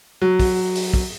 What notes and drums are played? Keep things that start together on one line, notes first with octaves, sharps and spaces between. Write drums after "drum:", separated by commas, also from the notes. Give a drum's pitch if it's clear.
F#3
drum: kick, open hi-hat
drum: open hi-hat
drum: kick